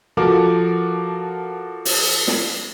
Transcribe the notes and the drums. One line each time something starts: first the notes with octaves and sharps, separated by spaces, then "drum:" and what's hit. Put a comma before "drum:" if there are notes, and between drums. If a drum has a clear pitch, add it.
F3 F#4 A4 A#4 D6
drum: open hi-hat
drum: snare